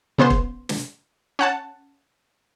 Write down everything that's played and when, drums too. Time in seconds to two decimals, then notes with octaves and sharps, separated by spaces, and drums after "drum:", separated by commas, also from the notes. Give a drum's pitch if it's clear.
0.18 C#3 B3 C5 C6
0.30 drum: kick
0.69 drum: snare
1.39 C#4 F#5 A5